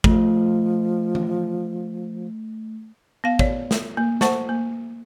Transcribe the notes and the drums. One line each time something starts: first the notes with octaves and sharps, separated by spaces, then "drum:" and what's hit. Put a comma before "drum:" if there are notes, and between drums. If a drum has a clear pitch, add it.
F3 A3, drum: kick
drum: tom E3
B3 F5
C#5 D5, drum: kick
drum: snare
A#3
C5 F#5 A5 C#6, drum: snare
A#3